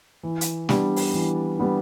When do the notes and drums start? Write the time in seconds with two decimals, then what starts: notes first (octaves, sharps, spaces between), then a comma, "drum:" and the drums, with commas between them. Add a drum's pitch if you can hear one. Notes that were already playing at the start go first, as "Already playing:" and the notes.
0.23 E3
0.41 drum: hi-hat
0.69 G3 B3 D4, drum: snare
0.96 drum: open hi-hat
1.14 E3
1.59 G3 B3 D4